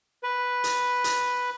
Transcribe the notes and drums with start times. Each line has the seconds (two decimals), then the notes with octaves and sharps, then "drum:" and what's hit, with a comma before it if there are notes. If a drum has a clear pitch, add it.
0.23 B4
0.64 drum: hi-hat
1.04 drum: hi-hat